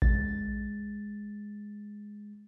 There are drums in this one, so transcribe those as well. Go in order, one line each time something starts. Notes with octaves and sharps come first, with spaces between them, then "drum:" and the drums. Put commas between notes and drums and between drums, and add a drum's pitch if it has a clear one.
G#3 A6, drum: kick A1